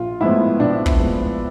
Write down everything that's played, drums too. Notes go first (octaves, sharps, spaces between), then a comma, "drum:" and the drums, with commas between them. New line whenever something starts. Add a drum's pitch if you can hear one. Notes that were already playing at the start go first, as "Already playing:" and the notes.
Already playing: A#1 F4
A2 F3 G#3 B3 E4
A#1 D4
drum: kick
A2 F3 G#3 B3